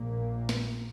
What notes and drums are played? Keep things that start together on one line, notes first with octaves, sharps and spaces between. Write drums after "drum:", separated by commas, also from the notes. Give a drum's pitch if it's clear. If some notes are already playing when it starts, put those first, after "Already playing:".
Already playing: A#1 A#2 A#3
drum: snare